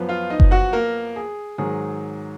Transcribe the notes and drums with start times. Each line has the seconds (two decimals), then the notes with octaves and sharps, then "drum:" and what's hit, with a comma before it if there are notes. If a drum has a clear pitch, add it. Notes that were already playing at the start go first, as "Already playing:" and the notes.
Already playing: F#2 F3 B3
0.09 F4 F5
0.30 D#4 D#5
0.40 drum: kick F#1
0.51 F#4 F#5
0.73 A#3 A#4
1.16 G#4
1.58 G#2 D#3 F#3 G#4